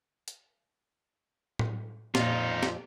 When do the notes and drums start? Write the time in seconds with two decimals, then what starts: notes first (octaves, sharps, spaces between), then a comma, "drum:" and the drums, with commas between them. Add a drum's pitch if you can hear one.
0.28 drum: hi-hat
1.59 drum: tom A2
2.15 F2 A#2 D#4 F4, drum: snare
2.63 drum: snare